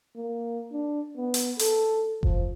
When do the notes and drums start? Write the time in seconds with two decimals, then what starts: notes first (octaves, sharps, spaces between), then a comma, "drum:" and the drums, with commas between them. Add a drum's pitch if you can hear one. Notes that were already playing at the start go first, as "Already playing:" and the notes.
0.16 A#3
0.72 D4
1.17 B3
1.34 drum: hi-hat
1.59 A4, drum: hi-hat
2.23 F3, drum: kick F#1